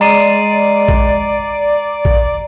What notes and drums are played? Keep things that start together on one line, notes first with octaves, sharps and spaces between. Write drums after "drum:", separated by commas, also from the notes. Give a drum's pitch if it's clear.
G#3 D5 A#5 C7 D#7
drum: kick A#1
drum: kick A#1